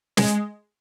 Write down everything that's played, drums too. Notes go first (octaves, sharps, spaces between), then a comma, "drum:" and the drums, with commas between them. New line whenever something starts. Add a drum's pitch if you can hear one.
G#3, drum: snare